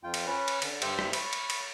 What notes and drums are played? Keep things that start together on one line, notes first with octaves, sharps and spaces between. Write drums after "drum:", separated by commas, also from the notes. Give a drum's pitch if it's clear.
F2 F4 G5
drum: cymbal
C#4 B4
drum: cymbal
D3, drum: cymbal
G2 G4 C5 E5 G6, drum: cymbal
drum: rim click
B5 C#6, drum: cymbal
drum: cymbal
drum: cymbal